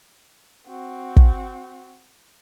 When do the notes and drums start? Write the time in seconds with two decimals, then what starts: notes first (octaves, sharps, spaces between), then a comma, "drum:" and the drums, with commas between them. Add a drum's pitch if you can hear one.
0.68 C4 F#4
1.16 drum: kick